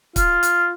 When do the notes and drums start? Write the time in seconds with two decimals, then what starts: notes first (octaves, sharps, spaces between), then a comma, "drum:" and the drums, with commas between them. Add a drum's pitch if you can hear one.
0.16 F4, drum: kick, hi-hat
0.43 drum: hi-hat